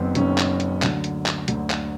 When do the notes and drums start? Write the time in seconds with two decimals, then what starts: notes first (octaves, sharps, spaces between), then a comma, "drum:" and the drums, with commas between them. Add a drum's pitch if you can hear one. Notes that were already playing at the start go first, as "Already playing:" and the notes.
Already playing: F#1 F#2 D#3 F#3 B3 C4
0.15 F#1 F#2 D#3 F#3 C#4, drum: hi-hat
0.38 drum: clap
0.60 drum: hi-hat
0.82 D2 D3 F#3, drum: clap
1.04 drum: hi-hat
1.26 drum: clap
1.48 D2 D3 F#3, drum: hi-hat
1.70 drum: clap